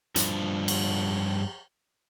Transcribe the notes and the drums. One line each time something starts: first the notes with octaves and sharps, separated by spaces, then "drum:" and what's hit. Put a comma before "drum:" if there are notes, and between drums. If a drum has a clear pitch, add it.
G2 F3, drum: hi-hat
drum: cymbal